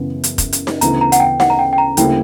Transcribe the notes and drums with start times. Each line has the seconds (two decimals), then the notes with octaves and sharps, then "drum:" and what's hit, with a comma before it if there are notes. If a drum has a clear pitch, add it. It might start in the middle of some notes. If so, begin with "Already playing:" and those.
Already playing: F#2 C#3 E3 B3
0.24 drum: hi-hat
0.38 drum: kick F1, hi-hat
0.53 drum: hi-hat
0.67 drum: snare D#4
0.81 D2 C#3 E3 B3 E4 A#5, drum: hi-hat
1.01 A#5
1.12 F#5, drum: hi-hat
1.20 G5
1.40 F#5, drum: snare D#4
1.50 A#5
1.59 G5
1.73 G5
1.78 A#5
1.97 D2 C#3 G3 A#3 E4 G5, drum: hi-hat